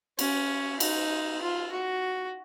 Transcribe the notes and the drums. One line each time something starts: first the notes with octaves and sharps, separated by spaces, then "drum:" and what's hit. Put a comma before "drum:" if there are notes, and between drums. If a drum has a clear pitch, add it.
C#4, drum: cymbal
D#4, drum: cymbal
F4
F#4